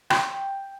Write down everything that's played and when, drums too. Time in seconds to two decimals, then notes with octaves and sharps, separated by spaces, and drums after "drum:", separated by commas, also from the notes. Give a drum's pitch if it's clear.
0.10 G5, drum: rim click